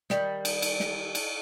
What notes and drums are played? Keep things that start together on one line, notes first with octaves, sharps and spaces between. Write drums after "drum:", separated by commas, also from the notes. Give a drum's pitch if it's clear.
D#3 G3, drum: snare
drum: cymbal
drum: cymbal
drum: snare
drum: cymbal